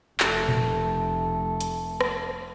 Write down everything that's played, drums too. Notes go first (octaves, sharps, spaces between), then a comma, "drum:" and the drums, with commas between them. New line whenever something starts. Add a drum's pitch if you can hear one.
F1 A3, drum: clap
drum: tom A#2
drum: hi-hat
drum: rim click